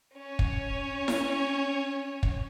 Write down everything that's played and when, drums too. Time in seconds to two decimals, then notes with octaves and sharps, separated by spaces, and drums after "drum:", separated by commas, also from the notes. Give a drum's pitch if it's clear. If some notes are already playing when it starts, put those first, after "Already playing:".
0.16 C#4 C#5
0.39 drum: kick
1.08 drum: snare E4
2.23 drum: kick